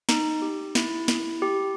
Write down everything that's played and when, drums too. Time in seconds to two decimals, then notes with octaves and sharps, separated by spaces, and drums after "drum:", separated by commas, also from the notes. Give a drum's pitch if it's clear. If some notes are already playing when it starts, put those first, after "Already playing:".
0.09 D#4, drum: snare
0.42 G4
0.75 E4, drum: snare
1.08 drum: snare
1.42 G4